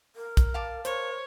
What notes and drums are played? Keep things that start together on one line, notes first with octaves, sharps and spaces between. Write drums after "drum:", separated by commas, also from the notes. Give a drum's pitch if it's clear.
A#4
drum: kick, hi-hat
F5 A5 D6
A#4 C5 C#5, drum: hi-hat